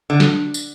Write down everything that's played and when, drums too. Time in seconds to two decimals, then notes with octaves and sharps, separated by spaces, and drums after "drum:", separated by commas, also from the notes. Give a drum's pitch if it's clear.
0.10 D3
0.20 drum: snare
0.54 drum: tambourine